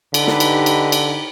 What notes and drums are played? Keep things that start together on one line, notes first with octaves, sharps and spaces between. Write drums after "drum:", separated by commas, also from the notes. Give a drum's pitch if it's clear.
D3 D#4 G4 B4, drum: cymbal
drum: snare
drum: cymbal
drum: cymbal
drum: cymbal